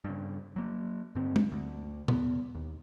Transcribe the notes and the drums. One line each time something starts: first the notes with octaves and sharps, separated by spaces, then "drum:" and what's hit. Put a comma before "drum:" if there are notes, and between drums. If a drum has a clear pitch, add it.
G2 C#3
F#3 A#3
G2 D3 C4
drum: tom G#3
D2
E2 B3, drum: tom A#2
D#2